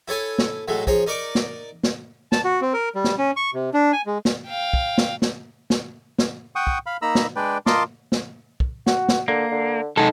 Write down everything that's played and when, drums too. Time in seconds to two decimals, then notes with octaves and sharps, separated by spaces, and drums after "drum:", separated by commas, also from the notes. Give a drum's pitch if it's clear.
0.08 E4 A4 C#5 G#5 A5
0.38 drum: snare
0.68 A2 F#3 G#3 A3
0.87 F3 G#4 C#5 A#5, drum: kick
1.07 D#4 A#4 D5 C#6 D6
1.35 drum: snare
1.83 drum: snare
2.32 A5, drum: snare
2.44 F#4
2.61 C4
2.74 A#4
2.95 G3
3.04 drum: snare
3.18 C#4
3.37 C#6
3.54 C3
3.74 D4
3.93 G#5
4.06 G#3
4.25 drum: snare
4.47 F5 G5
4.74 drum: kick
4.98 drum: snare
5.22 drum: snare
5.70 drum: snare
6.19 drum: snare
6.56 F#5 G5 C#6 D#6
6.67 drum: kick
6.86 F5 B5
7.02 A#3 D#4 A#5 B5 E6
7.15 drum: snare
7.36 G#3 D4 B4 D5 G5
7.66 F4 A#4 D#5 A5 C6 D6, drum: snare
8.12 drum: snare
8.60 drum: kick
8.87 F#4, drum: snare
9.09 drum: snare
9.28 D3 A#3
9.52 D3
9.97 G#3 D#4 A4